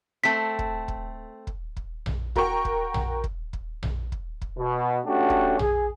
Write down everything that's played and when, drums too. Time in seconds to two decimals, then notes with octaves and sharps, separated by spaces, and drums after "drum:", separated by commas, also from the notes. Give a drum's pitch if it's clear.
0.24 A3 C4 B6
0.59 drum: kick
0.88 drum: kick
1.47 drum: kick
1.77 drum: kick
2.06 drum: tom A#1
2.36 F#4 A#4 G5 C#6, drum: kick
2.65 drum: kick
2.94 drum: tom A#1
3.24 drum: kick
3.53 drum: kick
3.83 drum: tom A#1
4.12 drum: kick
4.42 drum: kick
4.58 B2
5.06 A3 C#4 D4 F#4 G4
5.30 drum: kick
5.59 G#4, drum: tom A#1